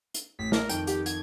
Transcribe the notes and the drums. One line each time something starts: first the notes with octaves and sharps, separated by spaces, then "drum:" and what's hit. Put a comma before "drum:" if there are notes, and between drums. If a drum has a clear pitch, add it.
drum: hi-hat
A1 B6
A#4, drum: snare
F2 D#3 G5, drum: hi-hat
G4, drum: hi-hat
G#6, drum: hi-hat